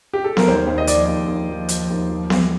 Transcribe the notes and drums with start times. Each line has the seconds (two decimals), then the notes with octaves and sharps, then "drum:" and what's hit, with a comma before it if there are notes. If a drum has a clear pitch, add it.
0.13 G4
0.24 A4
0.37 A#4, drum: snare B3
0.48 D#2 C5
0.67 D#2
0.78 D#5
0.87 F3 D5, drum: hi-hat
1.08 D#2
1.28 D#2
1.49 F3
1.69 F3, drum: hi-hat
1.90 D#2
2.10 F3
2.30 F3, drum: snare B3